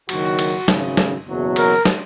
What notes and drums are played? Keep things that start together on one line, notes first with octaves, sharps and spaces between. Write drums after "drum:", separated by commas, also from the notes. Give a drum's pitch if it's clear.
F#1 F#2 D#3 F#3 F#4, drum: cymbal
drum: cymbal
G#1 F#2 C#3, drum: snare
drum: snare
F#1 E2 B2 F#3
A#4, drum: cymbal
drum: snare